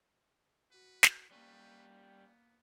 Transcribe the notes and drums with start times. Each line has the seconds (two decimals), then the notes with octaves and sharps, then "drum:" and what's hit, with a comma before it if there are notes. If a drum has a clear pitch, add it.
0.71 F#4 B4
1.03 drum: snare
1.31 G3 A#3 C#4 B4
2.02 B3